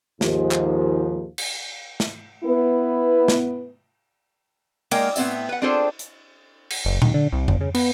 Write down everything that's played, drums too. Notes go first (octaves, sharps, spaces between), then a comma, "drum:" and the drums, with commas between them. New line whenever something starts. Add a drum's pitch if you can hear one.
D#2 G#2 F3, drum: snare
drum: clap
drum: cymbal
drum: snare
B3 E4 B4
drum: snare
G#3 A#3 A#4 D5 G5, drum: cymbal
A2 B3 C4 D5 E5, drum: tambourine
B4 F#5
C4 D4 F4 G#4 A4 C5
drum: hi-hat
drum: cymbal
F#1
D#2, drum: tom A#2
D3
C2
G1, drum: tom F2
C#3
B3, drum: cymbal